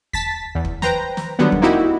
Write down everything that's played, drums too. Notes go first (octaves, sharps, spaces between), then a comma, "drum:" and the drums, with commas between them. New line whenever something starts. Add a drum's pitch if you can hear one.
A5 A6 B6, drum: kick
E2
drum: kick
B4 C5 G5 A#5, drum: snare
drum: snare
D3 D#3 F#3 G3 B3
drum: kick
A#3 C4 D#4 E4 F#4 G4